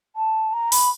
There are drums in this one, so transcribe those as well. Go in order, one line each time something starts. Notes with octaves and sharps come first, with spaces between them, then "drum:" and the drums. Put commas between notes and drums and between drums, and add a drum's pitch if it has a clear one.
A5
A#5
B5, drum: open hi-hat